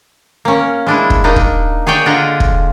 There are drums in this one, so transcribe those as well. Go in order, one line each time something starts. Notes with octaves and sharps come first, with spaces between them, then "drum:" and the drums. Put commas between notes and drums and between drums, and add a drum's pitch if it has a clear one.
A#3 C#4
G#3 D4 E4
drum: kick
A#3 D4 D#4
drum: kick
G#4 C#5 D5 G5
D3 D4 F4 D#5 A#5
drum: kick